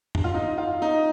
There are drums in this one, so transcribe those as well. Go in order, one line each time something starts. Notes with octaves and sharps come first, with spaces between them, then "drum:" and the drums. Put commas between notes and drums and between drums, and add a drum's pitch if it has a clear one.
drum: tom F2
F4
D#4
F4
D#4